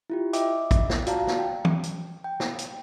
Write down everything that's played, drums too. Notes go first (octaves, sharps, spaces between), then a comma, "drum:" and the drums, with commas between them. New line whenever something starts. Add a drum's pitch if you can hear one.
E4 F4 G4
D#5 E5 G5 D6, drum: hi-hat
drum: kick, hi-hat
drum: snare
F4 F#4 D5 F5 A5 A#5, drum: hi-hat
drum: snare
G5
drum: tom
drum: hi-hat
G5
drum: snare
drum: hi-hat